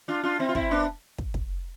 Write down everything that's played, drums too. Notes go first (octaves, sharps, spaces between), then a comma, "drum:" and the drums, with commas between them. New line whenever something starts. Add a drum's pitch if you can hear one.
D4 F4
D4 F4
C4 E4
F4
C4 E4, drum: kick
B3 D4
drum: kick
drum: kick